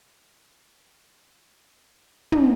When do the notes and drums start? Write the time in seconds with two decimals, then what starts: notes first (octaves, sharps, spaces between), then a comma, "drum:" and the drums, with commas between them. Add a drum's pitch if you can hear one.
0.43 G4 C#5 D5 E5
2.32 drum: tom